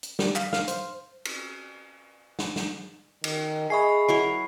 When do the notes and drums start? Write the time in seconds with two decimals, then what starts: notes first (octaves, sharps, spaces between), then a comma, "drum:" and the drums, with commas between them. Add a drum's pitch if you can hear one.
0.03 drum: hi-hat
0.19 G3, drum: snare
0.36 F5, drum: clap
0.53 F5, drum: snare
0.68 C5, drum: hi-hat
1.25 drum: cymbal
2.39 drum: snare
2.56 drum: snare
3.24 D#3, drum: cymbal
3.70 G#4 D#5 E5 G#5 B5 C#6 C7
4.09 F#3 E4 A#4 C7